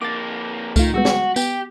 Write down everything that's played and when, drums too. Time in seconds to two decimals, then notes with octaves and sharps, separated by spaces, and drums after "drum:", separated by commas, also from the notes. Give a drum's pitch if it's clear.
0.01 F2 A#3 D6 A6
0.76 D#3 A3 F4, drum: kick C2, tambourine
0.94 G3 G#3 B3 F#4
1.05 drum: snare
1.36 B3 G4 G5, drum: tambourine